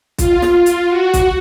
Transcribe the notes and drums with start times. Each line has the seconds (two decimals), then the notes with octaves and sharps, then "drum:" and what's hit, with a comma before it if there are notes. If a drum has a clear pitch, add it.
0.18 F4, drum: kick B1, hi-hat
0.42 drum: snare
0.66 drum: hi-hat
0.90 F#4
1.14 drum: kick B1, hi-hat